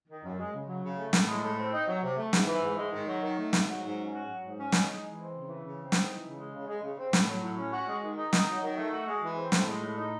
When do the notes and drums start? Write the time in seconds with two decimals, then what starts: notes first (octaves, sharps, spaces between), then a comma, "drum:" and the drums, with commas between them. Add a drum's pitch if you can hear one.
0.08 D#3
0.24 F#2
0.39 G#3
0.54 C#3
0.68 F#3
0.83 C#3
0.98 A3
1.13 A2, drum: snare
1.28 G#3
1.42 A2
1.58 C4
1.74 D#4
1.88 F#3
2.03 C3
2.17 A3
2.33 G#2, drum: snare
2.48 E3
2.63 G#2
2.78 G#3
2.93 D#3
3.08 F#3
3.23 D#3
3.38 A3
3.53 G#2, drum: snare
3.67 F#3
3.83 G#2
3.98 C#4
4.12 F#4
4.27 F#3
4.42 G#2
4.58 C#4
4.72 D#4, drum: snare
4.88 G#3
5.03 E3
5.18 C4
5.32 C#3
5.48 E3
5.63 C#3
5.78 C4
5.92 D#4, drum: snare
6.08 E3
6.23 C#3
6.37 G#3
6.53 C#3
6.67 G#3
6.83 C#3
6.98 C4
7.13 A2, drum: snare
7.27 F#3
7.42 A2
7.57 C#4
7.73 F#4
7.87 G#3
8.02 D#3
8.17 D#4
8.33 D#4, drum: snare
8.48 F#3
8.62 D#3
8.77 A3
8.93 F#4
9.07 G#3
9.22 E3
9.38 C4
9.52 A2, drum: snare
9.67 G#3
9.83 A2
9.98 D#4